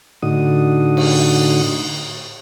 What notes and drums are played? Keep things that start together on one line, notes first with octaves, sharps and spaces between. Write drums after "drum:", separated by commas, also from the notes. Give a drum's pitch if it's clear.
A2 D3 D#4 F#4 D#6
drum: cymbal